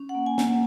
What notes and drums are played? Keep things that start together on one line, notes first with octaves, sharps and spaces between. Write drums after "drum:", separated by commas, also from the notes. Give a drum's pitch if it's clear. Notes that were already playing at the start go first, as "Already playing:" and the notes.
Already playing: C#4
F#5
A#3
G#5
A#3 F#5, drum: snare